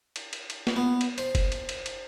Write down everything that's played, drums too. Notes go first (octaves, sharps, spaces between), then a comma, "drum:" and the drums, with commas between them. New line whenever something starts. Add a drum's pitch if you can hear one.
drum: cymbal
drum: cymbal
drum: cymbal
drum: snare
B3
drum: cymbal
C5, drum: cymbal
drum: kick F#1, cymbal
drum: cymbal
drum: cymbal
drum: cymbal